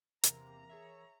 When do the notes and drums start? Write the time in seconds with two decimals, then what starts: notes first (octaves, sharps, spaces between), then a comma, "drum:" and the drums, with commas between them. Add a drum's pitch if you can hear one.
0.23 E2 C3 E3 A#3 A#4 A#5, drum: hi-hat
0.69 G#4 C#5 E5